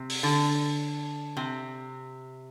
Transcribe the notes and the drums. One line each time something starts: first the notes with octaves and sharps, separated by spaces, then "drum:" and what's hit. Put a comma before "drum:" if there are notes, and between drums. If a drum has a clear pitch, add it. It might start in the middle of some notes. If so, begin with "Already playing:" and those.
Already playing: C3
drum: open hi-hat
D3
C3